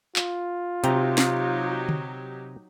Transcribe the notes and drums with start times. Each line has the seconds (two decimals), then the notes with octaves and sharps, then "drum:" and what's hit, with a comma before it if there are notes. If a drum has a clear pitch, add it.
0.16 F4, drum: clap
0.84 C3 F#3 D#4 G4 G5 A#5, drum: hi-hat
1.18 drum: snare
1.89 drum: tom D3